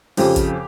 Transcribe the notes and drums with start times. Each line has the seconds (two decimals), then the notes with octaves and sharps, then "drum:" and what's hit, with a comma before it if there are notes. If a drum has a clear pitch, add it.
0.17 F2 C#3 F3 G4, drum: open hi-hat
0.36 drum: kick, hi-hat